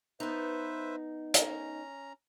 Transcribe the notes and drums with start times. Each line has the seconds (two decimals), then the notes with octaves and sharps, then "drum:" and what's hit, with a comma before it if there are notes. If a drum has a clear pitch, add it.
0.20 B3 D#4 B4 C5 E5
1.34 C#4 A#5, drum: hi-hat